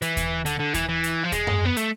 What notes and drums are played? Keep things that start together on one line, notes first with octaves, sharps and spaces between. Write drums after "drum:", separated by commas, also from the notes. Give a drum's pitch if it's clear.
E3, drum: hi-hat
drum: kick D#2, hi-hat
D3, drum: hi-hat
D3
E3, drum: kick D#2, hi-hat
E3
drum: hi-hat
F3
G#3, drum: kick D#2, hi-hat
drum: tom F#2
B3
A3, drum: hi-hat